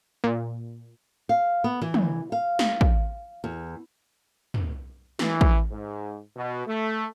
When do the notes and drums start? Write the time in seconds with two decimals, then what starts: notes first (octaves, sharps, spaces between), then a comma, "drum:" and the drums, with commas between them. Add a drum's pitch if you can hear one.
0.24 A#2
1.29 F5
1.64 B3
1.81 E3
1.94 drum: tom
2.32 F5
2.59 drum: snare
2.81 drum: kick
3.44 E2
4.54 drum: tom
5.19 E3, drum: snare
5.41 drum: kick
5.70 G#2
6.37 B2
6.67 A3